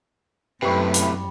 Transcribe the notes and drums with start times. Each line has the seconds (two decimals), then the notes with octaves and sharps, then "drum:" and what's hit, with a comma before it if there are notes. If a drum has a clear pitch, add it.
0.62 F#2 A2 C3 G3 B4 C#6
0.94 drum: hi-hat